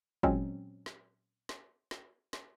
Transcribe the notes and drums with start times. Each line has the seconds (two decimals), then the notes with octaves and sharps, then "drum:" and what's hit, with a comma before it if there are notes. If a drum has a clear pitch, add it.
0.23 A#2 F#3 G#3 C4 C#4, drum: kick
0.86 drum: snare
1.49 drum: snare
1.91 drum: snare
2.33 drum: snare